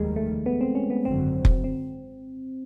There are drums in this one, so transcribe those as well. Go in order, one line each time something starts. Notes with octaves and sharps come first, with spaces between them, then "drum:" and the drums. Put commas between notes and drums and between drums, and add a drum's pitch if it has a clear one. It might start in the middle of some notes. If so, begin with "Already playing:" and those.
Already playing: F1 D#2 D#3 G3 G#3
A3
B3
C4
C#4
B3
G#1 F#2 D3 F#3 C4
drum: kick F1
C4